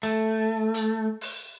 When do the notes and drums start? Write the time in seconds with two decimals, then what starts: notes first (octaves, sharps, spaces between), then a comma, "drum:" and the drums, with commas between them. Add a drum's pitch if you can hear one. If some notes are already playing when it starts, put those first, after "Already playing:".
0.03 A3
0.74 drum: hi-hat
1.21 drum: open hi-hat